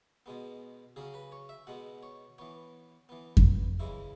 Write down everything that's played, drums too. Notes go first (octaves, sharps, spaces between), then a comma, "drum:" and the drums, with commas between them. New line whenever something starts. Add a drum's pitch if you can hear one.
B2 G#3 B3
C#3 F#3 C#4 G#4
B4
C#5
E5
B2 G#3 B3 F#5
C#5
E3 B3 C#5
E3 B3
drum: kick F2
C#3 E3 G#3 E4